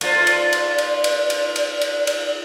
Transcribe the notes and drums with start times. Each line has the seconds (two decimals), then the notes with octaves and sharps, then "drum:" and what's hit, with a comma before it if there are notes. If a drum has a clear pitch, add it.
0.01 A3 F4 C5 D5, drum: cymbal
0.27 drum: cymbal
0.53 drum: cymbal
0.78 drum: cymbal
1.04 drum: cymbal
1.30 drum: cymbal
1.56 drum: cymbal
1.81 drum: cymbal
2.07 drum: cymbal